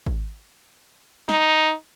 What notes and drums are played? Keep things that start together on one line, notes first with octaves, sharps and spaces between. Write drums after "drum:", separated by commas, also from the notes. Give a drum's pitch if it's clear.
drum: kick G#1
D#4, drum: snare